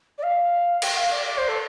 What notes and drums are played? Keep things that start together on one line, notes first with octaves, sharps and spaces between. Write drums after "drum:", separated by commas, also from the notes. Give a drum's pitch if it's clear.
D5
F5
G5, drum: cymbal
F5
D5
D5
C5
A4